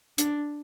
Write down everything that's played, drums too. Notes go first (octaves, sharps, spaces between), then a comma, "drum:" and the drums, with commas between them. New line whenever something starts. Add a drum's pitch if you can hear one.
D4, drum: hi-hat